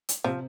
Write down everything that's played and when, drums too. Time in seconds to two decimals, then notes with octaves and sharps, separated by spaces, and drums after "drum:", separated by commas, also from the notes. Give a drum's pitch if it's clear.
0.09 drum: hi-hat
0.24 C3 F3 C4